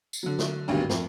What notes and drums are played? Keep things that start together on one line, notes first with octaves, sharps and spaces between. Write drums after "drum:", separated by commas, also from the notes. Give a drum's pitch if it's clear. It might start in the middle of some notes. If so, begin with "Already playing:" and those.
drum: tambourine
D3 F#3
drum: snare
G#1 D2 G2 B2 D#3
F2, drum: snare